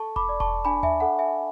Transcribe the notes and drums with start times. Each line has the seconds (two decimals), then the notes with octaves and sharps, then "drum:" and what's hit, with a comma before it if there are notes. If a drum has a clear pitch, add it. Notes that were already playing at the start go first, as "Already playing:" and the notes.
Already playing: A4 A5 C#6
0.16 B5 D6, drum: kick E1
0.29 D5
0.40 A5 C#6, drum: kick E1
0.65 D4 G#5 B5
0.83 E5 G#5, drum: tom D#2
1.00 A4 F#5
1.19 E5 G#5